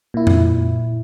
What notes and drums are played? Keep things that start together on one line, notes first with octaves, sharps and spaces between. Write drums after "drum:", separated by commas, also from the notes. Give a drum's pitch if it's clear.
A#2 E4
drum: tom F2